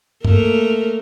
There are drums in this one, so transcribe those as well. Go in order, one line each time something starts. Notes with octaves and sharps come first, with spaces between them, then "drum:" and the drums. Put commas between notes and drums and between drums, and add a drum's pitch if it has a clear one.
A3 A#3 A#4, drum: tom